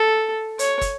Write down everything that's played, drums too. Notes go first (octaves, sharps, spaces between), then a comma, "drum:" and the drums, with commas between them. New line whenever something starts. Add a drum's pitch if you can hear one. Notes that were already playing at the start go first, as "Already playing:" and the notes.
Already playing: A4
C#5, drum: hi-hat
drum: kick, hi-hat